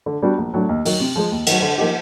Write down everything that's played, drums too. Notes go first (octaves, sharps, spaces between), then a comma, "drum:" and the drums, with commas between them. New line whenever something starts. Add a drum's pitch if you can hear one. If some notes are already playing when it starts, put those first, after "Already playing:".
D3
G3 B3 D4 F#4
A#1
A2 F#3 A3 D4
D#2
D#3 F#3, drum: open hi-hat
C3
F3 G#3
D#2
D#3 F#3, drum: cymbal
D3
F3 A#3 D#4 G4